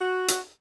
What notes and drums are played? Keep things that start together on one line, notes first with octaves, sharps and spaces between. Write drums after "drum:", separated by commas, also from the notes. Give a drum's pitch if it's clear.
F#4
drum: hi-hat